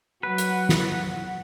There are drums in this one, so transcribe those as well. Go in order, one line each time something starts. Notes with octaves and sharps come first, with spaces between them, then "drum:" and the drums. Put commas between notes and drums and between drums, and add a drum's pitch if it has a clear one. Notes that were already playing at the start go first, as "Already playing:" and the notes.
F#3 B4 F#5
drum: hi-hat
drum: snare